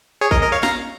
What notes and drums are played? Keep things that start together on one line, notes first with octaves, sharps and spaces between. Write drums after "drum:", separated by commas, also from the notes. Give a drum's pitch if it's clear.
G#4 C#5
A#4 D#5, drum: kick
A#4 D#5
C#5 F5
F5 A#5, drum: snare